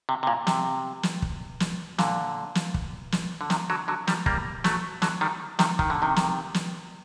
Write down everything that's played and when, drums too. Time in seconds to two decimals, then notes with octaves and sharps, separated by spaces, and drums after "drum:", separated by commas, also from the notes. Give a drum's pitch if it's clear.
0.09 C3
0.23 C3
0.27 A#2
0.47 C3, drum: snare
1.03 drum: snare
1.22 drum: kick
1.60 drum: snare
1.98 A#2 D3, drum: snare
2.55 drum: snare
2.74 drum: kick
3.12 drum: snare
3.41 D3
3.50 C3 D#3, drum: snare
3.70 D3 F#3
3.88 D3 F#3
4.07 D#3 G3, drum: snare
4.26 G3 A#3, drum: kick
4.64 F#3 A3, drum: snare
5.02 D3 F#3, drum: snare
5.21 D#3 G3
5.59 C3 D#3, drum: snare
5.79 D#3, drum: kick
5.90 D3
6.02 C3 D#3
6.16 drum: snare
6.54 drum: snare